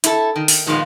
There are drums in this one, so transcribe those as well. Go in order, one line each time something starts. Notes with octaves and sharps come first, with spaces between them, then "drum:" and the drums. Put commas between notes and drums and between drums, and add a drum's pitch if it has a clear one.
E4 A4, drum: hi-hat
D#3
drum: open hi-hat
A#2 D#3 F3 G#3 A#3 B3